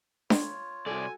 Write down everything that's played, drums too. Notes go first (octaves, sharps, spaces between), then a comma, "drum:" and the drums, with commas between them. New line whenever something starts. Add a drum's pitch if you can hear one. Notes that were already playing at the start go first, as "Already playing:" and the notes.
F4 C#5, drum: snare D4
C2 F#4 A4 D5 G#5